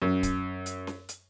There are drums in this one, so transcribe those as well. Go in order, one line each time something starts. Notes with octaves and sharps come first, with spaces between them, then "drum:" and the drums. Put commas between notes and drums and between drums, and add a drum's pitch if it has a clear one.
F#2
drum: kick C#1, hi-hat
drum: hi-hat
drum: snare C#4
drum: hi-hat